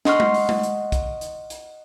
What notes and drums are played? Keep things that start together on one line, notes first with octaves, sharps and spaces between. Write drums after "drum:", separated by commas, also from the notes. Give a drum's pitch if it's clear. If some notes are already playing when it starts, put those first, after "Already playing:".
D#5 F#5 C6 C#6 F6, drum: snare
drum: tom G#3
drum: open hi-hat
drum: tom G#3
drum: hi-hat
drum: kick, hi-hat
drum: hi-hat
drum: hi-hat